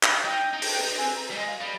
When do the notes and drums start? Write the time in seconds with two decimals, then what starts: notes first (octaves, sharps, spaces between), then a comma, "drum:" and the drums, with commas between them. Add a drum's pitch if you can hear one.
0.03 drum: clap
0.24 D#4 G5
0.54 D#4
0.62 D4, drum: open hi-hat
0.81 D#4
0.89 D4
0.97 C4 G#5
1.16 A#5
1.30 G3
1.35 G#3 D#5
1.47 F5
1.60 G3 D#5